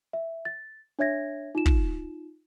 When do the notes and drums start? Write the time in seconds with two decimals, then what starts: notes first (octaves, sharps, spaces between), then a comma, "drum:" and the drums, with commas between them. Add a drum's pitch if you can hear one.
0.13 E5
0.45 A6
0.99 D4 C#5 E5 G#6 A#6
1.55 D#4 F4 E7
1.66 drum: kick